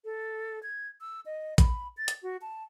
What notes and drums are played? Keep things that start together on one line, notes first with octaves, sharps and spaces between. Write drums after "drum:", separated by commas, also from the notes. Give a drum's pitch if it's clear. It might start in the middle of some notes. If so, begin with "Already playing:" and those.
A4
G#6
E6
D#5
B5, drum: kick A1, hi-hat
A6
drum: hi-hat
F#4
A5